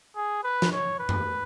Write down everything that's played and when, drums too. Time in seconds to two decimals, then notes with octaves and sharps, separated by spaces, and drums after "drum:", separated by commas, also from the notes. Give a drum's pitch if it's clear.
0.16 G#4
0.44 B4
0.62 drum: snare
0.72 C#5
0.99 B4
1.09 drum: tom F#2